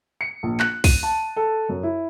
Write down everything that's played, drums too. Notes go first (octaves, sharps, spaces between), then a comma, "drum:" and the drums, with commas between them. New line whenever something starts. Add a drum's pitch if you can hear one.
C#7
A#1
F#6, drum: clap
D#7, drum: kick, open hi-hat
A5
A4
F#2
E4